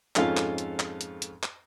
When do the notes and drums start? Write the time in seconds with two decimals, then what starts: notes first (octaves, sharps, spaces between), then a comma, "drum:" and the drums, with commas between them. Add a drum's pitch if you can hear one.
0.16 F2 G#2 C#4 F4 A4 F5, drum: clap
0.37 drum: clap
0.58 drum: hi-hat
0.79 drum: clap
1.01 drum: hi-hat
1.22 drum: hi-hat
1.43 drum: clap